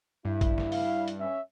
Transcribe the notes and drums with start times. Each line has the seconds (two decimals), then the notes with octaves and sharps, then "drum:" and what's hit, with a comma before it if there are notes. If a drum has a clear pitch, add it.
0.25 G2 E4
0.41 drum: kick A1, hi-hat
0.58 drum: snare
0.72 F5, drum: open hi-hat
1.08 drum: hi-hat
1.20 C#4 E5